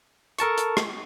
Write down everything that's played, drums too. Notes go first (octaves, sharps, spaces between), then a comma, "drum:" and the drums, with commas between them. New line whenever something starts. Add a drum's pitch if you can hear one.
A4 A#4 A5 C#6, drum: hi-hat
drum: hi-hat
drum: rim click